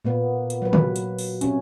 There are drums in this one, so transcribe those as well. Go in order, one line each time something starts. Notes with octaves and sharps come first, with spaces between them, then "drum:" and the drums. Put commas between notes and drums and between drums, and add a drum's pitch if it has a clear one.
A#2 A#3 B3
drum: hi-hat
F#3 B4
drum: tom
drum: hi-hat
drum: open hi-hat
C3 C#4, drum: hi-hat